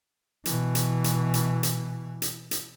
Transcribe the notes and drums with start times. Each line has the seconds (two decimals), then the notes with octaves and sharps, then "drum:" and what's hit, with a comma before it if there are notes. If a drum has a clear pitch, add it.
0.45 B2 E3, drum: hi-hat
0.75 drum: hi-hat
1.04 drum: hi-hat
1.34 drum: hi-hat
1.63 drum: hi-hat
2.22 drum: hi-hat
2.51 drum: hi-hat